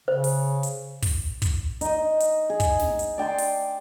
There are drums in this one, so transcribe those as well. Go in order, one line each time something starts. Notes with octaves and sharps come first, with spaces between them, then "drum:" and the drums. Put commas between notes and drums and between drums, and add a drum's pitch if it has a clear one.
C#3 C5
drum: open hi-hat
drum: hi-hat
drum: kick, open hi-hat
drum: kick, hi-hat
D#4 D#5, drum: hi-hat
drum: hi-hat
G#4
drum: kick, hi-hat
drum: snare
drum: hi-hat
D5 G5 A5 C6
drum: open hi-hat